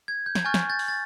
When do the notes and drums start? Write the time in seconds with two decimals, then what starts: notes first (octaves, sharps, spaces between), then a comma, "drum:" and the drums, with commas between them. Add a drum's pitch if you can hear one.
0.08 G#6
0.26 G6
0.35 G#6, drum: snare
0.44 G#5 C#6 F6 G6 A6
0.54 drum: snare
0.70 G6 A6
0.79 drum: open hi-hat
0.88 A6